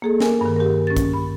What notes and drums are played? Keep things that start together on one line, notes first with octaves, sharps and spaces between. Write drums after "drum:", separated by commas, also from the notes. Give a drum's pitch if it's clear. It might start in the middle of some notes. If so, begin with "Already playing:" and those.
A#3 G#4 A4
A#4 G#5, drum: snare
G2 D#3
G4 A#4
C#4 A6
drum: kick, hi-hat
B5